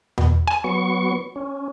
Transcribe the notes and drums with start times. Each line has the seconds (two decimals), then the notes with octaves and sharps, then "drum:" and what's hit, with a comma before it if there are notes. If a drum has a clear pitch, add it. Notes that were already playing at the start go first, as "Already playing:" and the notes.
0.18 B2, drum: tom E2
0.48 G#5
0.64 F#3 B3 C#6
1.36 C#4